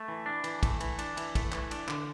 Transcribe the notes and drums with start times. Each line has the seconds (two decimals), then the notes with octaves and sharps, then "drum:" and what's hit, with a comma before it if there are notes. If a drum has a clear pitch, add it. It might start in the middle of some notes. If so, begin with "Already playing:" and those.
Already playing: A3
0.08 E3
0.26 D4
0.44 E3, drum: cymbal
0.63 A3, drum: kick, cymbal
0.81 E3, drum: cymbal
0.99 D4, drum: cymbal
1.17 E3, drum: cymbal
1.35 A3, drum: kick, cymbal
1.52 E3, drum: clap
1.71 D4, drum: cymbal
1.88 D3, drum: clap